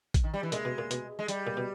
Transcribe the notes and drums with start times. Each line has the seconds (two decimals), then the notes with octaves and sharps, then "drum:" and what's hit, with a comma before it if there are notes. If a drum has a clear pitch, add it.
0.14 drum: kick A1, hi-hat
0.24 D#3
0.34 G3
0.43 E3
0.52 A#2 G#3, drum: hi-hat
0.65 B2
0.78 A#2
0.91 B2, drum: hi-hat
1.19 G#3
1.28 G3, drum: hi-hat
1.47 A#2
1.57 B2